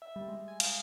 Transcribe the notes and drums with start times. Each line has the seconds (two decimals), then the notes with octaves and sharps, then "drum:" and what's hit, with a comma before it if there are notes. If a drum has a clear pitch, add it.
0.02 E5
0.16 G3
0.28 G#3
0.48 G#5
0.60 F5, drum: cymbal